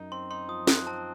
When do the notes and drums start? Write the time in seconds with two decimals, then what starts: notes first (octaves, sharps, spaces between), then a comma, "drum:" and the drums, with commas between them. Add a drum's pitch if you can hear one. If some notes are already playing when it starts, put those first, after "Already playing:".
Already playing: F#2 D#4
0.12 C4 C6
0.31 D#4 C6
0.48 F3 D#6
0.67 F3 F#6, drum: snare
0.87 C4 A5